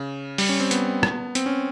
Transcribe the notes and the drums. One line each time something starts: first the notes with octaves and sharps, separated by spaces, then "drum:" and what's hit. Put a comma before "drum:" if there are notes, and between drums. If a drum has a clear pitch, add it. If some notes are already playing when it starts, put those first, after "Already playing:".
Already playing: C#3
G3, drum: open hi-hat
C#4
C4
B3, drum: hi-hat
drum: rim click
C4, drum: hi-hat
C#4